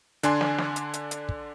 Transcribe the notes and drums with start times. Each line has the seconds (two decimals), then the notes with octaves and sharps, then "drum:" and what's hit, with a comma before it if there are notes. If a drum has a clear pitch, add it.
0.23 D3 D4 G#5 C6, drum: hi-hat
0.41 drum: snare
0.58 drum: snare
0.76 drum: hi-hat
0.94 drum: hi-hat
1.11 drum: hi-hat
1.29 drum: kick